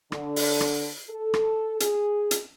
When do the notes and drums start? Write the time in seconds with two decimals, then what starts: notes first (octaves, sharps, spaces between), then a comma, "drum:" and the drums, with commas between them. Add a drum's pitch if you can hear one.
0.12 D3, drum: rim click
0.36 drum: open hi-hat
0.61 drum: rim click
1.09 A4
1.34 drum: rim click
1.80 G#4, drum: hi-hat
2.31 drum: hi-hat